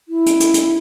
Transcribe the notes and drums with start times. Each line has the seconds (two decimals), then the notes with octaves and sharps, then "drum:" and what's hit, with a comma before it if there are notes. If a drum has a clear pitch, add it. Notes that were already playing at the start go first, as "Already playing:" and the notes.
0.08 E4
0.26 drum: hi-hat
0.40 drum: hi-hat
0.54 drum: hi-hat